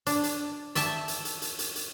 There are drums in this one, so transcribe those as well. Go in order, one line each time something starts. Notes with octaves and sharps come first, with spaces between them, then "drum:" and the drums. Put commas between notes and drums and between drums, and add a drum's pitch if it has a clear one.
D4, drum: hi-hat
drum: hi-hat
D5 E5 G5 A5, drum: hi-hat
drum: hi-hat
drum: hi-hat
drum: hi-hat
drum: hi-hat
drum: hi-hat